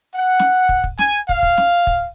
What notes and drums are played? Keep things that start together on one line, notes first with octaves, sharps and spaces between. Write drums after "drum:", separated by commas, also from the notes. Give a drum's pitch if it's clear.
F#5
drum: snare
drum: kick
drum: kick
G#5, drum: snare
F5, drum: kick
drum: kick
drum: snare
drum: kick